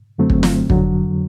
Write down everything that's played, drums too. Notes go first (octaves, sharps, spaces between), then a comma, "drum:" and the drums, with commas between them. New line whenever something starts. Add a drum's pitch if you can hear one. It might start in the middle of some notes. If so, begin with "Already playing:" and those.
F#2 D3 F#3 A3 C4
drum: kick
drum: snare
F2 D3 F#3, drum: kick